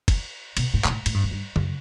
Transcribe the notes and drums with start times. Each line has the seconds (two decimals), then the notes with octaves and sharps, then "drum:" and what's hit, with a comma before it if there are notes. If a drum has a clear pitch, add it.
0.08 drum: kick F#1, cymbal
0.57 B2, drum: cymbal
0.74 A2
0.85 B2, drum: clap
0.90 A2
1.06 A2, drum: cymbal
1.14 G2
1.24 F#2
1.31 G2
1.56 F#2, drum: tom C#3